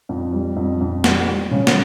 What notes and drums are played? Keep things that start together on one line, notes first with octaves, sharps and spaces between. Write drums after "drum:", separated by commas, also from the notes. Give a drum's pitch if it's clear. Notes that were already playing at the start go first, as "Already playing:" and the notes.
F2
G3
F2
F2
G3, drum: snare
G3
C#3
drum: snare